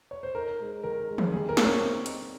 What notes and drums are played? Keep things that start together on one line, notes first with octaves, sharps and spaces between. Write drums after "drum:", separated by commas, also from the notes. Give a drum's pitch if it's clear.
C#5
C5
D#4 A#4
G#3
D#3 A#4
G#3
drum: tom
G3 G#4
A#4
C4, drum: snare
A#4 C#5
C4
D#4, drum: hi-hat